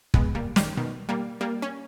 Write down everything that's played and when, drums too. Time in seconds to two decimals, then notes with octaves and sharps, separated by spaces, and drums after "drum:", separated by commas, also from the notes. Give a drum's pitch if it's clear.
0.14 G#3 B3, drum: kick
0.35 G3 A#3
0.56 D#3 G3, drum: snare
0.77 B2 D#3
1.09 G3 A#3
1.41 G3 A#3
1.62 C#4